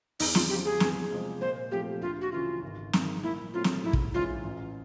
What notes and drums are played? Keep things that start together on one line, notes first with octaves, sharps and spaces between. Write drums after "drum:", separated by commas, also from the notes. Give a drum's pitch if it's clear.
E2 D#4, drum: open hi-hat
F4, drum: snare
C#3 F3 G4
G#4
E2, drum: snare
C3 F3 G#3
A#2 C5
F3 A3 C4 F4 G4
D2 F4
F#4
C#3 E3 F4
G#1
G#2 D#3, drum: snare
A#2 E4
F#3 A3 C4 F4
drum: snare
G#2 E4
drum: kick
E3 G#3 C#4 F4
A1